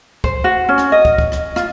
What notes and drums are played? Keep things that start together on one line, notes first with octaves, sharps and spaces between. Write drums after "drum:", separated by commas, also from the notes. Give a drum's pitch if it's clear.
C5, drum: kick
F#4
C#4
drum: rim click
D#5
drum: kick
drum: kick
drum: rim click
F4, drum: rim click